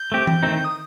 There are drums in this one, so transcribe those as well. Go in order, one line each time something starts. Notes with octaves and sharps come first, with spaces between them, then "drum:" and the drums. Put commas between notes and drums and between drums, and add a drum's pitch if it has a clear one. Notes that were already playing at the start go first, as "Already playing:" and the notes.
Already playing: G6
A3 C4 G4
drum: tom E3
D#3 A3 C4 D#4
D#6